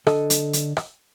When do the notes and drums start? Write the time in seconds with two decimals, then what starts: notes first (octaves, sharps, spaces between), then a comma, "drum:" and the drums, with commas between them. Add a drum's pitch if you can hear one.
0.07 D3 A4 D#5 A5, drum: rim click
0.30 drum: hi-hat
0.53 drum: hi-hat
0.77 drum: rim click